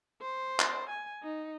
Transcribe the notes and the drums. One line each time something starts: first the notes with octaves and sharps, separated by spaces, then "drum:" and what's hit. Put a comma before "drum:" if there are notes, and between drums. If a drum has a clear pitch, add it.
C5
drum: clap
G#5
D#4